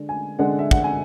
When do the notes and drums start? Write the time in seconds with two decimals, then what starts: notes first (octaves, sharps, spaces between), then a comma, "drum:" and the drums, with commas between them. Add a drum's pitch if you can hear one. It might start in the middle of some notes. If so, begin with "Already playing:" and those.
Already playing: D3 G#3 D4
0.09 G#5
0.39 D3 G#3 D4 F#5
0.59 E5
0.71 F#5, drum: kick
0.84 G#5